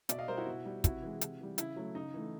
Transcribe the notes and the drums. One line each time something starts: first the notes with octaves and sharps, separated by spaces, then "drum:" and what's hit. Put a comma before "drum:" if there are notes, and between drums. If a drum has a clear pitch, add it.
B2 D5 E5, drum: hi-hat
D#5 F5
G3 A#4 C5
E4 F#4
B2
G3
C3 E4 F#4, drum: kick, hi-hat
E3 G#3
C3, drum: hi-hat
E3 G3
C#3 E4, drum: hi-hat
F#3 A3
C#3 D#4
E3 A3